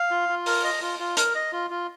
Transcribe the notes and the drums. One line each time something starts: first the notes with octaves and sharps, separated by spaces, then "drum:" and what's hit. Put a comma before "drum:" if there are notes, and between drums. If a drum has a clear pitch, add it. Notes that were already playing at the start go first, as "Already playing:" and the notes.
Already playing: F5
F4
F4
A#4, drum: open hi-hat
D#5
F4
F4
A#4, drum: hi-hat
D#5
F4
F4